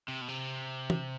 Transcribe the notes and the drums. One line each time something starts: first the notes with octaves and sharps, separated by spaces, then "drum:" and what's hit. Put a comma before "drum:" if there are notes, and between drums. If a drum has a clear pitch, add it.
C3
B2
C3
drum: tom